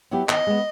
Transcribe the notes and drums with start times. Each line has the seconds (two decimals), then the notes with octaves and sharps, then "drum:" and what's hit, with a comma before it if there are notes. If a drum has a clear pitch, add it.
0.11 F#3 B3 E4 G4
0.29 D#3 D#5, drum: clap
0.47 G#3 B3